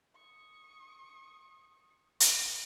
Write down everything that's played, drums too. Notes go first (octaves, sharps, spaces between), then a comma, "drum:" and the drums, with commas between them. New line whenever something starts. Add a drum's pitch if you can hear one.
C#6 D#6
drum: hi-hat